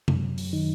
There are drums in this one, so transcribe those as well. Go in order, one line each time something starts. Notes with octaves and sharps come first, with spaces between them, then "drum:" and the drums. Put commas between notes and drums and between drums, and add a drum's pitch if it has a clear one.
F#2, drum: tom C3
drum: open hi-hat
D#3